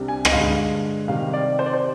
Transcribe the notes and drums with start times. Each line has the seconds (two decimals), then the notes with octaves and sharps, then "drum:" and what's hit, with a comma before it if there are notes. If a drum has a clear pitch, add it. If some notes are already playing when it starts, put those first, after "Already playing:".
Already playing: C2 C3 G3 D4
0.08 G#5
0.25 D#5, drum: rim click
0.32 G2 D3 G#3 F5
1.08 C3 D#3 G3 F5
1.33 D5
1.59 C5
1.66 D5
1.73 C5